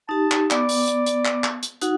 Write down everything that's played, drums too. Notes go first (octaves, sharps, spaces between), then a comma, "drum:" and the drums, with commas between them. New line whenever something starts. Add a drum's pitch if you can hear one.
D#4 G4 A5
drum: clap
B3 D5 D6, drum: clap
drum: open hi-hat
drum: hi-hat
drum: hi-hat
drum: clap
drum: clap
drum: hi-hat
D#4 F#4 F#5, drum: hi-hat